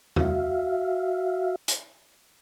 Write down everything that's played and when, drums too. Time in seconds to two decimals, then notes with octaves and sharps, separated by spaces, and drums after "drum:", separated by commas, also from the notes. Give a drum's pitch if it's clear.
0.16 F#4 E5 F5, drum: tom E2
1.68 drum: hi-hat